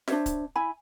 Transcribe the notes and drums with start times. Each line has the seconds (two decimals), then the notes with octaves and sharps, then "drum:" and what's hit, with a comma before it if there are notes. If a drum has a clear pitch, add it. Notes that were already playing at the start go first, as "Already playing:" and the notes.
0.08 D4 C5 C#5 E5, drum: snare
0.26 drum: kick C#1, hi-hat
0.56 E4 G#5 B5